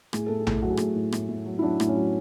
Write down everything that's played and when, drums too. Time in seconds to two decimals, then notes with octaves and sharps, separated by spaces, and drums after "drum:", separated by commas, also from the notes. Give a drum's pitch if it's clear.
0.13 A2 G#4, drum: rim click
0.26 A2 A4
0.40 G#4
0.47 A2, drum: tom A#1
0.62 F#3 F#4
0.70 G#4
0.77 A2 F#4, drum: rim click
0.95 A2
1.12 A2, drum: rim click
1.29 A2
1.45 F#3
1.59 E4
1.62 F#3 D4
1.80 A2, drum: rim click
1.87 C#4
1.96 F#3